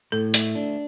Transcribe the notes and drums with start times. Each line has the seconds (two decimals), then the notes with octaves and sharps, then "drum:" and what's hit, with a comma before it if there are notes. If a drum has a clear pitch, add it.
0.12 A2 A4
0.34 A3, drum: hi-hat
0.55 D4